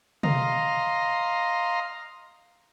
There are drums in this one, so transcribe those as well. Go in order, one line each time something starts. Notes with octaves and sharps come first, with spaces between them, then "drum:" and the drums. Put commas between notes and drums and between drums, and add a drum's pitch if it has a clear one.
D#5 F5 A#5 C6, drum: tom